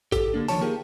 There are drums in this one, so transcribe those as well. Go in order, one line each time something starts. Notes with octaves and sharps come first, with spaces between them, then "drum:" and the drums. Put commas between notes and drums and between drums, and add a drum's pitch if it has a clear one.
G4 A4, drum: kick A1, hi-hat
D3 A#3 D4
D3 D#3 F3 C#5 A5, drum: open hi-hat
A#3 D#4 F4 G4 G#4 A#4